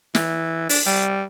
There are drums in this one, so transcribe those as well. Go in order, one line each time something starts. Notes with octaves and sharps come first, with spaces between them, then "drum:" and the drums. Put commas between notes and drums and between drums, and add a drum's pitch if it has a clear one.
E3, drum: snare
D4, drum: open hi-hat
G3